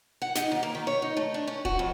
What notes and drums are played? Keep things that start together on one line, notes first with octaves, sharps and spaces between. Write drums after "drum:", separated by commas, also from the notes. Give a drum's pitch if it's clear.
F#5
D#4, drum: snare
D#2
A#3
D#3
C#5
D#4
A3
D4
C#4
F#4, drum: kick D1
F2